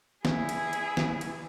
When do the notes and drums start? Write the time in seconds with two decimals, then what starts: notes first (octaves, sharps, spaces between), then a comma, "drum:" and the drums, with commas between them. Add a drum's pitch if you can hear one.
0.25 E4 G#4, drum: snare
0.49 drum: cymbal
0.73 drum: cymbal
0.97 drum: snare
1.21 drum: cymbal